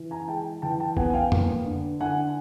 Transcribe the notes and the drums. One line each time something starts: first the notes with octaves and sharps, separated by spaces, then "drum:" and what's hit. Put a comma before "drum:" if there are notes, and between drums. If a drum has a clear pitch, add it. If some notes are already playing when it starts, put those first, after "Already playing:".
Already playing: E3
G#5 A#5
G#3 G5 A5
E3 G5 A5
G5 A5
B3 F#5 G#5, drum: kick A#1
G#5
F5 G5
A#3, drum: tom
D3
D3 F#5 G#5